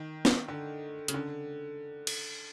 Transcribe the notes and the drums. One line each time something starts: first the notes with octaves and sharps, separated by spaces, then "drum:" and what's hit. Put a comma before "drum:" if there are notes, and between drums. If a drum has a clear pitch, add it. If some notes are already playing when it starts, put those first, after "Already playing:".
Already playing: D#3
drum: snare
D3
C#3, drum: hi-hat
D3
drum: cymbal